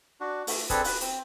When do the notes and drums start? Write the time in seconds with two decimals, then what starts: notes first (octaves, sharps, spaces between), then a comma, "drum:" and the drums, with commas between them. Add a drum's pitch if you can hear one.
0.20 D4 F#4
0.47 A3, drum: open hi-hat
0.70 C4 D4 G#4 A4 B4, drum: kick, hi-hat
0.84 B4 F#6, drum: open hi-hat
1.01 C4, drum: hi-hat